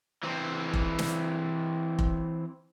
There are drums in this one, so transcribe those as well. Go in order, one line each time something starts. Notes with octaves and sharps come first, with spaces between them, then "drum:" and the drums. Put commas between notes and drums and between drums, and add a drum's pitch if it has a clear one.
E3 C4
drum: kick F1
drum: snare
drum: kick F1